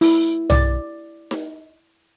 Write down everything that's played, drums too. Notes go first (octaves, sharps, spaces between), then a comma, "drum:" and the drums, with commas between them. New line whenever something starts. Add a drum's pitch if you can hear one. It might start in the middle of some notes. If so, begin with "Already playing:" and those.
E4, drum: open hi-hat
D5, drum: tom B1
drum: snare D#4